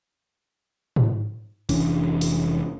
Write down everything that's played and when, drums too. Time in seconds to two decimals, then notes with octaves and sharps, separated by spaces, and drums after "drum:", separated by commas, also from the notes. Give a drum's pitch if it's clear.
0.96 drum: tom G#2
1.69 F1 E3 C#4 D4, drum: open hi-hat
2.21 drum: open hi-hat